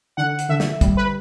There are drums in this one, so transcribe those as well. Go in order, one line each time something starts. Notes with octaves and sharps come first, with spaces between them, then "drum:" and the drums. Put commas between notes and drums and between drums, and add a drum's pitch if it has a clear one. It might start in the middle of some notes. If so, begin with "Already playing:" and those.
D3 F#5
drum: hi-hat
D3 E5
drum: snare
G3, drum: kick, hi-hat
B4